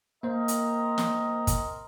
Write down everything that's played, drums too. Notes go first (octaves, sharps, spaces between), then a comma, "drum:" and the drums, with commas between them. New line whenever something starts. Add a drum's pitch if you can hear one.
A#3 C4 A#4 C5 D#5
drum: hi-hat
drum: snare
drum: kick, hi-hat